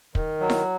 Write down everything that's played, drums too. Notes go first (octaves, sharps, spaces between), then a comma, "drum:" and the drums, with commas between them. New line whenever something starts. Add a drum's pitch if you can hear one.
D#3, drum: kick
F#3
drum: snare E4